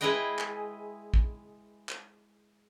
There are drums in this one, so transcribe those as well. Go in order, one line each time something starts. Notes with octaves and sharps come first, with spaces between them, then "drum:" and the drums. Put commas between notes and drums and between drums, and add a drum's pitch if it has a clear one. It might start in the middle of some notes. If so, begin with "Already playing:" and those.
G#3 E4 G#4 B4 D#5 G5
drum: clap
drum: kick
drum: clap